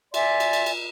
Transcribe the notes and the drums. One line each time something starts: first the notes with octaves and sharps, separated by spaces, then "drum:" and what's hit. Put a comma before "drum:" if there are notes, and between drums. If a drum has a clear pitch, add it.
D5 E5 G#5 C6, drum: cymbal
drum: cymbal
drum: cymbal
drum: cymbal